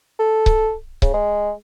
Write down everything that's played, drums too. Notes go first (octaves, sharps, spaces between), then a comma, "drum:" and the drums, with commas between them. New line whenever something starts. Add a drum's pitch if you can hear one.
A4
drum: kick C#1
C#3, drum: kick C#1
G#3